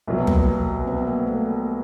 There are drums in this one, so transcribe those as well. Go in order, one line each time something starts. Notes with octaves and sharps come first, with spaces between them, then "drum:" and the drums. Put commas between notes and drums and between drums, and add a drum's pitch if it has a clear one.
C2 B2 F#3 B3
B3
A#3, drum: tom
B3
C4
B3
A#3
A3